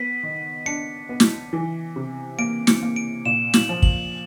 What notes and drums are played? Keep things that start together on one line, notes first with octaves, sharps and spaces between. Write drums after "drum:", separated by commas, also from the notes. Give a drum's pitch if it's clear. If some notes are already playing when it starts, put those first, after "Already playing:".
Already playing: B3 B6
D#3
D4 C#7
B3
drum: snare
E3
C3
A#3 D7
C#7, drum: snare
A#3
D7
A#2 E7
F#7, drum: snare
F3
F#7, drum: kick